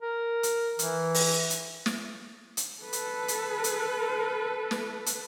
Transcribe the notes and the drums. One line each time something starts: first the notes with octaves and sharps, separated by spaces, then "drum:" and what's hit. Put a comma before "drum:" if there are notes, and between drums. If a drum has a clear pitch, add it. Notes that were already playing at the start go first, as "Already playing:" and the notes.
A#4
drum: hi-hat
E3, drum: hi-hat
drum: open hi-hat
drum: hi-hat
drum: snare
drum: hi-hat
A4 B4
drum: hi-hat
drum: hi-hat
drum: hi-hat
drum: snare
drum: hi-hat